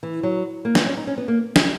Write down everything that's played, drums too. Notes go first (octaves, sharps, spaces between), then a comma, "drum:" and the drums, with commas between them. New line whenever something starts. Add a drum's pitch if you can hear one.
E3
F#3
A#3
B3, drum: snare
C#4
D#4
C#4
B3
A#3
drum: snare